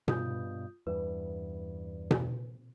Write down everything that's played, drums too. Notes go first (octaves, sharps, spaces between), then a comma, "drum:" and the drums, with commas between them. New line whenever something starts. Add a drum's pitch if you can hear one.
G2 B2 F4 D#6 G6, drum: tom B2
E2 G2 B4
drum: tom B2